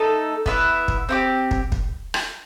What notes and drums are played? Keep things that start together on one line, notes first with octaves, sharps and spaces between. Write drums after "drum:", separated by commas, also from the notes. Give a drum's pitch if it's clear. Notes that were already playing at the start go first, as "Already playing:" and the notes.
Already playing: A3 D#4 A4
B3 E4 B4 E5, drum: kick
drum: kick
C4 E4 G4
drum: kick
drum: kick
drum: rim click